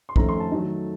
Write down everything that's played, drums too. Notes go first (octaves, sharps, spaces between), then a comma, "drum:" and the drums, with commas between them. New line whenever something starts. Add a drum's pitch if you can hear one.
C6
F2 D#3 A3 C#4 A#5, drum: kick
C6
A5
D#3 F#3 A3 D#4